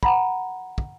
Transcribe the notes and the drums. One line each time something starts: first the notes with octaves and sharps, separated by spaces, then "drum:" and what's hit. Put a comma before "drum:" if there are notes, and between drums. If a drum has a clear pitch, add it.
F#5 A#5 B5, drum: kick
drum: kick